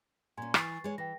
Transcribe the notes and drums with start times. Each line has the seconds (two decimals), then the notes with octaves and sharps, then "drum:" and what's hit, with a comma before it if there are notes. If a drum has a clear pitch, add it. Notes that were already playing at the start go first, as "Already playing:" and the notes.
0.38 A#2 C#4 G#5 C6 G#6
0.54 E3 C#6 A6 C7, drum: rim click
0.84 G#3 C#5
0.98 E3 G5 A#6